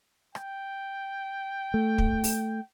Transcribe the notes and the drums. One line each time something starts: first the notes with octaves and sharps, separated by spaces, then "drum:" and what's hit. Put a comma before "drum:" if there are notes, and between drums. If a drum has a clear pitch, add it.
G5, drum: rim click
A3
drum: kick
drum: open hi-hat